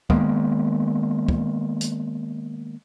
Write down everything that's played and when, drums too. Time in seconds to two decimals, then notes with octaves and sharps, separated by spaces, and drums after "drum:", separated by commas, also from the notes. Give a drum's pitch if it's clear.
0.10 D#3 G#3 A#3 B3, drum: kick
1.28 drum: kick
1.81 drum: hi-hat